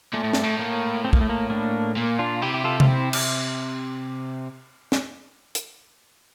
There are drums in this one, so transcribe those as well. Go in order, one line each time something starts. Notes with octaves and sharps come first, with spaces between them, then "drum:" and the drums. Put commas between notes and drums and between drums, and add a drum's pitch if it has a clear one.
A#2 A3
A2
G2, drum: snare
A2
A#3
C4
A#3, drum: kick
A3
A#3
A#3 D4
A#2 A#3
D4 F4
C3 E4 G4
G4
F4 A4
F4, drum: tom C3
C4 E4
drum: cymbal
drum: snare
drum: hi-hat